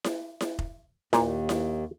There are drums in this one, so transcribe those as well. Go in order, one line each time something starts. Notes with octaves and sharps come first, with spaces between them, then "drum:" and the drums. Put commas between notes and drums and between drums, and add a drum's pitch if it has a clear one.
drum: snare E4
drum: snare E4
drum: kick F1
D#2 A#2, drum: snare E4
drum: snare E4